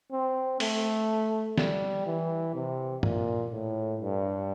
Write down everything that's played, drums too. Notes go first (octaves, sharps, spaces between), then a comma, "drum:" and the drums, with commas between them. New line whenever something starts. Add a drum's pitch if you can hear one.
C4
A3, drum: open hi-hat
G3, drum: snare
E3
C3
A#2, drum: tom G2
A2
G2